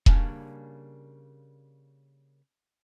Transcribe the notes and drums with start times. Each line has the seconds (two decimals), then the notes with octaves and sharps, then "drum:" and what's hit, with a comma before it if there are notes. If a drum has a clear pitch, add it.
0.06 C#3 G3 A#3 C#4 D4, drum: kick E1